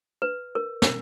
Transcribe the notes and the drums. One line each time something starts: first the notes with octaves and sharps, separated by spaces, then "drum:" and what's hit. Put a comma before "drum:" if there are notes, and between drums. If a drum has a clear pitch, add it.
B4
A#4
A#4, drum: snare